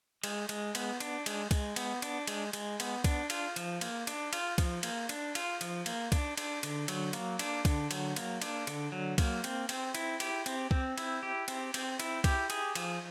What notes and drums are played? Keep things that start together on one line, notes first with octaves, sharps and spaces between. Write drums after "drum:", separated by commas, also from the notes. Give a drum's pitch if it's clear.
G#3, drum: cymbal
G#3, drum: cymbal
B3, drum: cymbal
D4, drum: cymbal
G#3, drum: cymbal
G#3, drum: kick C2, cymbal
B3, drum: cymbal
D4, drum: cymbal
G#3, drum: cymbal
G#3, drum: cymbal
B3, drum: cymbal
D4, drum: kick C2, cymbal
F4, drum: cymbal
F3, drum: cymbal
A#3, drum: cymbal
D4, drum: cymbal
F4, drum: cymbal
F3, drum: kick C2, cymbal
A#3, drum: cymbal
D4, drum: cymbal
F4, drum: cymbal
F3, drum: cymbal
A#3, drum: cymbal
D4, drum: kick C2, cymbal
D4, drum: cymbal
D3, drum: cymbal
F#3, drum: cymbal
A#3, drum: cymbal
D4, drum: cymbal
D3, drum: kick C2, cymbal
F#3, drum: cymbal
A#3, drum: cymbal
D4, drum: cymbal
D3, drum: cymbal
F#3
A#3, drum: kick C2, cymbal
C4, drum: cymbal
C4, drum: cymbal
E4, drum: cymbal
G4, drum: cymbal
C4, drum: cymbal
C4, drum: kick C2
E4, drum: cymbal
G4
C4, drum: cymbal
C4, drum: cymbal
E4, drum: cymbal
G4, drum: kick C2, cymbal
G#4, drum: cymbal
F3, drum: cymbal